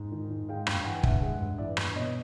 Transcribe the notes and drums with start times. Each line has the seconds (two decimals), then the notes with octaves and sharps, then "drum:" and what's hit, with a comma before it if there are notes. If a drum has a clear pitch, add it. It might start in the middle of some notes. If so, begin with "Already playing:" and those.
Already playing: G#2
0.12 D#3
0.30 G#2
0.49 G#3 F5 G5
0.67 G2 F5 G5, drum: rim click
0.85 E3 F#5 G#5
0.96 G5
1.03 G2 E5 F#5, drum: kick
1.22 G#3 E5 F#5
1.41 G2
1.58 E3 D5 E5
1.77 G2, drum: rim click
1.96 B2 C#5 D#5